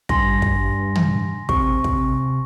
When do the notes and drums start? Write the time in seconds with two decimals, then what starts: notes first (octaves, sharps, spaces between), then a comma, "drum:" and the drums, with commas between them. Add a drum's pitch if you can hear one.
0.09 G2 G#5 C6 A#6, drum: kick
0.42 drum: kick
0.95 drum: tom
1.49 C3 C#6, drum: kick
1.84 drum: kick